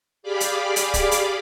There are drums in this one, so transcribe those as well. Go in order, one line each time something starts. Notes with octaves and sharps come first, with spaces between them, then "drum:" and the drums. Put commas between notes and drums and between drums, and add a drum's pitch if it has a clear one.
G4 G#4 D5 F5 B5 D6
drum: hi-hat
drum: hi-hat
drum: kick, hi-hat
drum: hi-hat